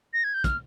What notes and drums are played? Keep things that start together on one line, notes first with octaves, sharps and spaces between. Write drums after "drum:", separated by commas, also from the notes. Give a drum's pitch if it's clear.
A#6
G#6
G6
F6, drum: kick, hi-hat